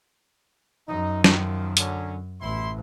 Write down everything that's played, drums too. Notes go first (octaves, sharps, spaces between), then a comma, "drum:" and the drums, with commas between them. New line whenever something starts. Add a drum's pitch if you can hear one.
F#2 D#4
D#3 F3, drum: snare
D3 F#3 C#4, drum: hi-hat
A1 B2 E4 C6